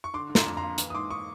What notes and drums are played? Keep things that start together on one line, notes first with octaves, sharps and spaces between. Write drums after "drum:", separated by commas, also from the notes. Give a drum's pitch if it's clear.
C#6
D3 C6 D6
D3
A#5 C6, drum: snare
F2
A#5 C6
A#3
E3, drum: hi-hat
D#6
G#2 C6 D6
C#6 D#6